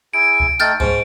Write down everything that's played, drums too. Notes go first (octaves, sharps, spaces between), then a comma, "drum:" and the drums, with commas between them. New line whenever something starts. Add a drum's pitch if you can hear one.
E4 G#4 G#5 D7
drum: kick C#2
A3 D#4 G5 F6 G6 A6
G#2 C#4 A5, drum: kick C#2